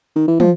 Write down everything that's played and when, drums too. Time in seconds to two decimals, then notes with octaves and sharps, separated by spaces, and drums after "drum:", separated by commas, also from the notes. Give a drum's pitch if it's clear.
0.16 D#3
0.27 E3
0.40 F3, drum: tom